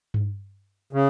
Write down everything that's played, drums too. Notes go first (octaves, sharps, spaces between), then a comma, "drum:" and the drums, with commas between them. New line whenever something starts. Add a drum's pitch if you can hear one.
drum: tom G2
C#3